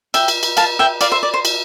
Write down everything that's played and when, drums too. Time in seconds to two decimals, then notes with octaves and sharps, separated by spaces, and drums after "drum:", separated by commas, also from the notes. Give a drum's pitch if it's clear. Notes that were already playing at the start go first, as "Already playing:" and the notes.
0.14 E5 G5, drum: cymbal
0.28 drum: cymbal
0.43 drum: cymbal
0.57 F5 A5, drum: cymbal
0.79 E5 G5
1.01 D5 F5, drum: cymbal
1.12 C5 E5
1.23 D5
1.34 C5
1.45 drum: cymbal